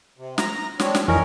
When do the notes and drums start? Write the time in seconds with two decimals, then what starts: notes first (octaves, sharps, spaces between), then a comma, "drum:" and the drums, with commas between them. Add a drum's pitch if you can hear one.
0.18 C3
0.38 A#5, drum: snare
0.80 C4 D4 C#5, drum: snare
0.95 drum: snare
1.08 F2 E3 C#4 A#4 D#5